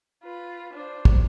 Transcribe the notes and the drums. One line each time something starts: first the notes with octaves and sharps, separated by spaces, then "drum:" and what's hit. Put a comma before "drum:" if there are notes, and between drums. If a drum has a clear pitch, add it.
F4 B4
D4 C5
drum: kick